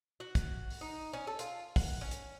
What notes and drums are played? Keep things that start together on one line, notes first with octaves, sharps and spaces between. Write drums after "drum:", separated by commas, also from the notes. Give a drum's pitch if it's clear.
F#4
drum: kick, hi-hat
drum: open hi-hat
D#4
C#4
A4
F4, drum: hi-hat
F#5, drum: kick, open hi-hat
C#4
drum: hi-hat